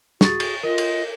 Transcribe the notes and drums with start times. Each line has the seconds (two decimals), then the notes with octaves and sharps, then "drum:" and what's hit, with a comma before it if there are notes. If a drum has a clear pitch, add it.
0.21 F#4 G#4 C#6 A6, drum: snare
0.40 drum: cymbal
0.63 F4 A#4 D#5
0.78 drum: cymbal